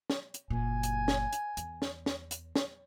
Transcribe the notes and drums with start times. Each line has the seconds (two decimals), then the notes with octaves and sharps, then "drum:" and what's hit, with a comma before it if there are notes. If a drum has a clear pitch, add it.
0.10 drum: snare
0.34 drum: hi-hat
0.50 F#1 A#2 G#5
0.83 drum: hi-hat
1.08 drum: snare
1.33 drum: hi-hat
1.57 E2, drum: hi-hat
1.82 drum: snare
2.06 drum: snare
2.31 drum: hi-hat
2.56 drum: snare